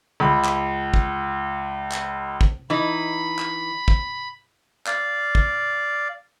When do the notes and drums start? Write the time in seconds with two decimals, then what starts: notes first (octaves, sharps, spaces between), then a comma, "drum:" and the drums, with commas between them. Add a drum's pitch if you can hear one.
0.20 C#2 B5
0.45 drum: clap
0.94 drum: kick
1.92 drum: clap
2.41 drum: kick
2.70 E3 D#4 B5
3.39 drum: clap
3.88 drum: kick
4.86 D5 F5, drum: clap
5.35 drum: kick